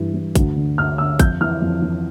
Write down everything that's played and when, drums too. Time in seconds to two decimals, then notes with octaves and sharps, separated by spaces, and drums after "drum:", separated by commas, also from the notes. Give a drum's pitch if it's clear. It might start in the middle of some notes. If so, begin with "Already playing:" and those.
Already playing: G2 E3
0.14 E3
0.35 D2, drum: kick, hi-hat
0.56 D3
0.78 D2 F6
0.98 D3 E6
1.19 F2 G6, drum: kick, hi-hat
1.41 E3 F6
1.62 F2
1.82 E3